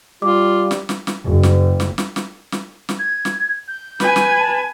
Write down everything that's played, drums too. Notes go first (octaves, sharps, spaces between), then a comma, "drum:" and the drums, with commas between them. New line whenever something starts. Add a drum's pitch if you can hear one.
G3 F4 D6
drum: snare
drum: snare
drum: snare
F#1
drum: snare
drum: snare
drum: snare
drum: snare
drum: snare
drum: snare
G#6
drum: snare
G6
B4 G#5, drum: snare
drum: snare
A5